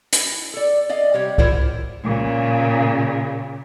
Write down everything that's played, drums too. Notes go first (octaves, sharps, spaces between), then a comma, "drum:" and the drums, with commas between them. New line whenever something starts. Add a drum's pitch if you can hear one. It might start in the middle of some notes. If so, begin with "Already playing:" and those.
E4, drum: hi-hat
A4 D5
D5 D#5 F5
C3 G3 C#5
E4 F4 A#4 C5 C#5 F#5, drum: kick C2
A#2 C#3